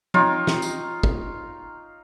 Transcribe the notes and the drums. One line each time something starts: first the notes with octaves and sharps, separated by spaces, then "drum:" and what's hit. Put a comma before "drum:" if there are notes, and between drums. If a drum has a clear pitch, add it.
D#4 F4 C#5 G5, drum: tom
drum: snare
drum: tambourine
drum: kick